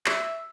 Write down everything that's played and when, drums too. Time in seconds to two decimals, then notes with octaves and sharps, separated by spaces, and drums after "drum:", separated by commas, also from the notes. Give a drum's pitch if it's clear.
0.06 E5, drum: clap